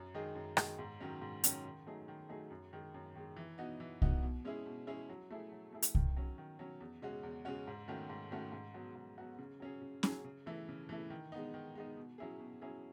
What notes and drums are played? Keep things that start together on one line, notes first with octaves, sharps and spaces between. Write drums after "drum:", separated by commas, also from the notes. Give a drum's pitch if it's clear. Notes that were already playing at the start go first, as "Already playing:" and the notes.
Already playing: F#2
D#3 G#3 D#4 G#4
F#2
D#3 G#3 D#4 G#4, drum: rim click
G#2
D#3 F#3 C#4
G#2
D#3 F#3 C#4, drum: hi-hat
D#3
F#3 A3 D#4 G#4
D#3
F#3 A3 D#4 G#4
F#2
D#3 G#3
F#2
D#3 G#3
E3
B3 D#4 F#4
E3
B3 D#4 F#4, drum: kick C2
B2
G#3 C#4 E4 G#4
B2
G#3 C#4 E4 G#4
F#3
A3 E4 G#4
F#3
A3 E4 G#4
drum: hi-hat
D#3, drum: kick C2
F#3 C#4
D#3
F#3 C#4
E2
C#3 G#3 C#4 F#4
E2
C#3 G#3 C#4 F#4
G#2
D#3 A3 C#4 F#4
G#2
D#3 A3 C#4 F#4
G#2
F#3 B3 F#4
G#2
F#3 B3 F#4
C#3
F#3 C#4 G#4
C#3
F#3 C#4 G#4, drum: snare
C#3
E3 A3 E4
C#3
E3 A3 E4
D#3
G#3 B3 D#4
D#3
G#3 B3 D#4
B2
F#3 C#4 E4 G#4
B2
F#3 C#4 E4 G#4